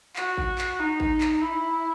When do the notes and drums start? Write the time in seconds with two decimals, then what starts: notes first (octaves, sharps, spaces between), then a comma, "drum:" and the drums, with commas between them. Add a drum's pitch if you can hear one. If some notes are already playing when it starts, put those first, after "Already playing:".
0.16 F#4, drum: clap
0.37 drum: kick A1
0.58 drum: clap
0.79 D#4
1.00 drum: kick A1
1.21 drum: clap
1.41 E4